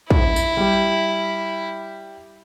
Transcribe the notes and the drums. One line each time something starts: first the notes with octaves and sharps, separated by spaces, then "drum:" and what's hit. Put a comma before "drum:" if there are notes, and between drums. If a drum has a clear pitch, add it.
E4, drum: kick
drum: tambourine
G3 G4